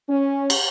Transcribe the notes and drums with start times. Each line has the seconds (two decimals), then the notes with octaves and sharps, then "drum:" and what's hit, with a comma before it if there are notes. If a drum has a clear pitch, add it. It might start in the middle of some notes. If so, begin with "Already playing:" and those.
0.09 C#4
0.50 drum: cymbal